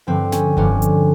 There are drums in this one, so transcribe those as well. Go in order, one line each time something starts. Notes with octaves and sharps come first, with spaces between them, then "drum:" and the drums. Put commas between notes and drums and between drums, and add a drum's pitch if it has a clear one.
G2 D3 F3 C4
C#4, drum: snare
G2 D3 F3 C#4, drum: kick F1
drum: hi-hat